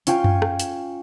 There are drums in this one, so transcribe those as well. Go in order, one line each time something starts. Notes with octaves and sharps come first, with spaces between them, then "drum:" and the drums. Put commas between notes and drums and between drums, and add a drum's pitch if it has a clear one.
C#4 F4 G5 G#5, drum: hi-hat
drum: tom F#2
drum: rim click
drum: hi-hat